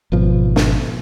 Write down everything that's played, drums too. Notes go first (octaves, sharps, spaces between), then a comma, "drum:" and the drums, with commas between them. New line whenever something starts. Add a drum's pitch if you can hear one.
G#1 B2 F3
drum: snare